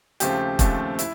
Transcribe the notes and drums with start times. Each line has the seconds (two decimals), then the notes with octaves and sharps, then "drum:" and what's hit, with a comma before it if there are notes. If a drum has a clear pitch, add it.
0.20 D#2 C#3 F3 A3 C4 G4, drum: hi-hat
0.59 D#2 C#3 F3 A3 C4, drum: kick E1, hi-hat
0.99 E4, drum: hi-hat